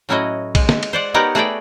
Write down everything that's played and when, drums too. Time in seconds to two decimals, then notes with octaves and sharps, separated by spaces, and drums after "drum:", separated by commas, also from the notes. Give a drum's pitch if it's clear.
0.09 A2 F#3 C#4 E4 F#4 D#5
0.55 G#3, drum: kick A#1, cymbal
0.69 drum: snare
0.83 drum: cymbal
0.93 C5 D5 F#5
1.14 B3 D#4 G4 A#4 C#5 F#5
1.35 A3 F#4 G#4 B4 D5 G5